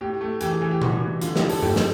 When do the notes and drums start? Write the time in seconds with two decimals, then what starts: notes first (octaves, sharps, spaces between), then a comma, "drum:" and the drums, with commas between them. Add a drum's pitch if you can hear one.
0.01 A2 G4
0.21 A3
0.41 E3 G4, drum: hi-hat
0.51 G#4
0.61 E3 G#4
0.71 G4
0.82 G3 F#4, drum: tom A#2
1.02 E3
1.21 D3 F4, drum: hi-hat
1.36 G4, drum: snare
1.42 F3
1.49 A4, drum: open hi-hat
1.62 A3 G4, drum: tom G2
1.76 drum: snare